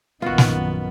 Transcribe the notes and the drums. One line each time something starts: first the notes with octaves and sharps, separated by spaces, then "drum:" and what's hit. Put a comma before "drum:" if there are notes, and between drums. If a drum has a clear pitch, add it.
A#1 F#2 D#3 B3 F4 F#4
drum: snare